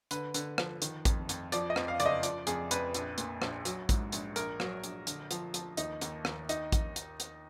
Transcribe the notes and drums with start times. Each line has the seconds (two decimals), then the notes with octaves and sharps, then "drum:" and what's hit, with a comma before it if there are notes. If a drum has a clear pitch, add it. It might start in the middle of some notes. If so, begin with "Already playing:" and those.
0.11 D3 B4, drum: hi-hat
0.34 D3, drum: hi-hat
0.58 F3, drum: rim click
0.82 D#3, drum: hi-hat
1.05 F2, drum: kick A1, hi-hat
1.29 F2, drum: hi-hat
1.52 F3 D5, drum: hi-hat
1.70 D#5
1.76 F2, drum: rim click
1.88 F5
2.00 F#1 D5, drum: hi-hat
2.06 D#5
2.23 F3 D5, drum: hi-hat
2.47 F2 G#4, drum: hi-hat
2.71 F2 B4, drum: hi-hat
2.94 A#1, drum: hi-hat
3.18 A#2, drum: hi-hat
3.42 A#1, drum: rim click
3.65 F#3, drum: hi-hat
3.89 G#2, drum: kick A1, hi-hat
4.12 A#1, drum: hi-hat
4.36 A#1 A#4, drum: hi-hat
4.60 F#3, drum: rim click
4.84 A#1, drum: hi-hat
5.07 D3, drum: hi-hat
5.31 F3, drum: hi-hat
5.54 F3, drum: hi-hat
5.77 D#2 D#4, drum: hi-hat
6.01 D#2, drum: hi-hat
6.25 D#2, drum: rim click
6.49 D#4, drum: hi-hat
6.72 drum: kick A1, hi-hat
6.96 drum: hi-hat
7.20 drum: hi-hat